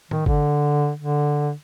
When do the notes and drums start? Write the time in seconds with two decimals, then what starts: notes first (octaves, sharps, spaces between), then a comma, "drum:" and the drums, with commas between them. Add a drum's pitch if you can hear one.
0.11 D#3, drum: tom A2
0.26 D3, drum: kick G1
0.99 D3